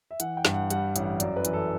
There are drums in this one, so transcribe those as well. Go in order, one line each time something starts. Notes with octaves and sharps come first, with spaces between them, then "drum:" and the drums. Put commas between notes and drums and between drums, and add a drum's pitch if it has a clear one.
E5
E3 F#5, drum: hi-hat
G5
G2, drum: snare
F#5
G3 F#5, drum: hi-hat
A1, drum: hi-hat
F#5
F#2 D5, drum: hi-hat
B4
E3, drum: hi-hat
A4